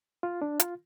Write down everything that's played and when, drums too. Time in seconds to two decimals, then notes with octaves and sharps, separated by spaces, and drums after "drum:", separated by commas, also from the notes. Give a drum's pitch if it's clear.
0.23 F4
0.42 D4
0.60 F4, drum: hi-hat